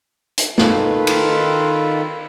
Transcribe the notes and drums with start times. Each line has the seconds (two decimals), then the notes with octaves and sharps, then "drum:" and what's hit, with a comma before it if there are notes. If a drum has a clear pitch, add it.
0.38 drum: hi-hat
0.58 D#3 F4 A4 B4, drum: snare
1.07 drum: cymbal